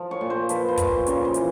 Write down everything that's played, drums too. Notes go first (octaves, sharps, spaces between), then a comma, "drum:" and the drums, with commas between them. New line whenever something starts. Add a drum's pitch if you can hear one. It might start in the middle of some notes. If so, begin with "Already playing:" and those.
Already playing: F3
C#5
A#2
C5
F3 B4, drum: hi-hat
C5
A#2, drum: kick, hi-hat
C5
C#3 C#5, drum: hi-hat
C5
E3, drum: hi-hat